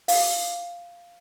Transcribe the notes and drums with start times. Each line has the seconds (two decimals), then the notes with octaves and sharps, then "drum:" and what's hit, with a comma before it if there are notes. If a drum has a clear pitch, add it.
0.08 F5, drum: open hi-hat